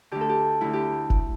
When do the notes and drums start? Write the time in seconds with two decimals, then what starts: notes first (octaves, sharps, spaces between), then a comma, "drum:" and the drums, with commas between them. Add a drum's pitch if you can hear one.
0.11 D2 D3 G4
0.21 A4
0.29 G4
0.61 D2 D3 E4
0.73 G4
1.10 drum: kick F1